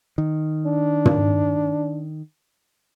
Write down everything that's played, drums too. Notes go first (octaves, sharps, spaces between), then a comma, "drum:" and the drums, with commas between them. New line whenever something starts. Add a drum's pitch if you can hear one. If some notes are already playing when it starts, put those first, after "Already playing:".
D#3
D4
drum: tom